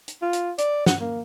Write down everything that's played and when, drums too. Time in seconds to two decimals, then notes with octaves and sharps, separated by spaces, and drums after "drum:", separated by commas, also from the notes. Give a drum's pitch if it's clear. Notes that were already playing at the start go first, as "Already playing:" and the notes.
0.08 drum: hi-hat
0.22 F4
0.33 drum: hi-hat
0.58 D5, drum: hi-hat
0.86 F#5, drum: snare
1.00 A#3